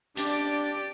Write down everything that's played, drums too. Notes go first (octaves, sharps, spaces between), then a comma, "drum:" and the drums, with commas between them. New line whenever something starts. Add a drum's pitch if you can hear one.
D4 G4 D5, drum: hi-hat